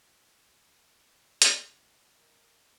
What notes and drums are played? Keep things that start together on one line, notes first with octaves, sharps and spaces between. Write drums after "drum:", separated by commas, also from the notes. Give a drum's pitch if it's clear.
C#3 A3, drum: hi-hat
D#3 G#3 D#4 A#4